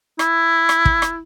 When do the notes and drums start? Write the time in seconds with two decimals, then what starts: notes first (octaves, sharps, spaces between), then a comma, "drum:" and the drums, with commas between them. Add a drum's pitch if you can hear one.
0.19 E4, drum: rim click
0.69 drum: rim click
0.85 drum: kick
1.02 drum: rim click